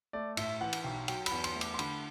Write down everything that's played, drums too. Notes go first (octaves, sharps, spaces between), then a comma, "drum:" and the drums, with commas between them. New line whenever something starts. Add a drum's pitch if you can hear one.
A3 D5
A2 E5, drum: cymbal
E3 F#5
drum: cymbal
B1 G5
F#3 G5, drum: cymbal
B5, drum: cymbal
E2
C6, drum: cymbal
A3
D6, drum: cymbal
C6
D3 B5, drum: cymbal